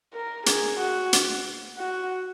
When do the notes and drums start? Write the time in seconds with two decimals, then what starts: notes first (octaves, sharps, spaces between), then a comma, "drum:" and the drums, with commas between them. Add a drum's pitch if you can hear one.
0.14 A#4
0.46 G#4, drum: hi-hat
0.80 F#4
1.13 drum: hi-hat
1.78 F#4